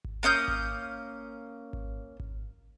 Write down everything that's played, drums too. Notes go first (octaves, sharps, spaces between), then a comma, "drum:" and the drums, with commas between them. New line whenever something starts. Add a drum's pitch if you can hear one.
drum: kick G#1
A#3 C#4 D#6 G6
drum: kick G#1
drum: kick G#1
drum: kick G#1